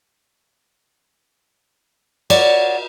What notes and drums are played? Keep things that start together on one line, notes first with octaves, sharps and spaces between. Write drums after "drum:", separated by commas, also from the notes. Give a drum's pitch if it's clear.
C#5 D5 F5 F#5, drum: cymbal